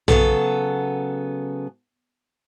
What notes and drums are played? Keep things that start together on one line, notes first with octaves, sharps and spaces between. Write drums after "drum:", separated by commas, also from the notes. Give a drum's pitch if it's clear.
C#3 F#3 B3 A4, drum: tom